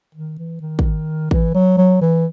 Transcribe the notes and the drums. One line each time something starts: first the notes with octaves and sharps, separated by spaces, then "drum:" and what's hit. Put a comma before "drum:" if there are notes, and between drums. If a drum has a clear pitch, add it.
D#3
E3
D#3
drum: kick
E3, drum: kick
F#3
F#3
E3